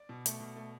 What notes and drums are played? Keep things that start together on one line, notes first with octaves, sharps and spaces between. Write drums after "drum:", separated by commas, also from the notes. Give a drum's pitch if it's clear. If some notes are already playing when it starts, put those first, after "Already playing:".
Already playing: D5
B2
A3, drum: hi-hat
B2
A3